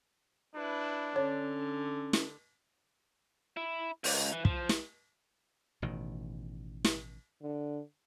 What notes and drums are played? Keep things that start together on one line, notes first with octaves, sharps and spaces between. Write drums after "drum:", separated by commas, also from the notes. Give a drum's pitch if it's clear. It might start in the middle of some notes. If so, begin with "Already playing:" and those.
D4 E4 B4
D3 C#4 C#5
drum: snare
E4
C#2, drum: open hi-hat
E3
F3, drum: kick
drum: snare
A1 B2 D#3
drum: snare
D3